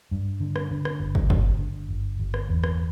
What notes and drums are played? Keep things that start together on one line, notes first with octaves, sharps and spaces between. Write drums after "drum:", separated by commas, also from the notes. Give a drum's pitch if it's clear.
G2
D3
drum: rim click
D3
drum: rim click
G1
drum: kick
G1, drum: kick
D3
G1
G1
drum: rim click
E2
drum: rim click